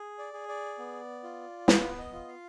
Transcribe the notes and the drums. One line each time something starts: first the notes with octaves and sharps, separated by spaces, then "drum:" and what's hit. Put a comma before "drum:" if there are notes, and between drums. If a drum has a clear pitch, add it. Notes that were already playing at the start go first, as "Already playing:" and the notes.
Already playing: G#4
D5
G#4
D5
B3
F4
B3 B4, drum: snare
D#5
F4
F5